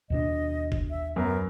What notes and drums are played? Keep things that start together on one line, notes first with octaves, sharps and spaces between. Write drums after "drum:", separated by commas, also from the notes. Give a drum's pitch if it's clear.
D#2 B2 D4 D#5
drum: kick G1
E5
F#2 B3 A#4